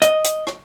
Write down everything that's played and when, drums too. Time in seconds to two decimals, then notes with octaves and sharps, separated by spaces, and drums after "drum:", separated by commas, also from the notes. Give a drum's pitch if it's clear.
0.02 D#5, drum: hi-hat
0.24 drum: hi-hat
0.47 drum: rim click